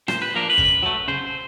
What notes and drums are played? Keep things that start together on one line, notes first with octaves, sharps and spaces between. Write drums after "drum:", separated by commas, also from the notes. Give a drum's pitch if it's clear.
A#2 C5, drum: rim click
B4
F3 A#3 D4 A#4
B4
C#3, drum: kick G1
F#3 A3
C#3 C5